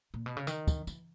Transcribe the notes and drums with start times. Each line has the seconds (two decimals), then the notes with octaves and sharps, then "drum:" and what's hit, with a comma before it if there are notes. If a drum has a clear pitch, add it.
0.14 A#2
0.26 B2
0.37 C#3
0.47 D#3, drum: tambourine
0.67 drum: kick, tambourine
0.87 E3, drum: tambourine